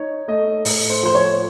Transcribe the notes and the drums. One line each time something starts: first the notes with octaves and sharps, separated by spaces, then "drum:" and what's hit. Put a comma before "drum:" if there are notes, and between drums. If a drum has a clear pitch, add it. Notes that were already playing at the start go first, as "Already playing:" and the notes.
Already playing: D#4 C#5
A3 D#5
A2, drum: open hi-hat
C5
F3 C5
C#5